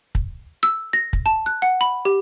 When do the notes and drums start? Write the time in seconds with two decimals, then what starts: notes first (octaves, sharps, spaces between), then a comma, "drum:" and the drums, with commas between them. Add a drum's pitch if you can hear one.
0.15 drum: kick
0.63 E6
0.93 A#6
1.13 drum: kick
1.26 A5
1.46 F#6
1.62 F#5
1.81 B5
2.05 G4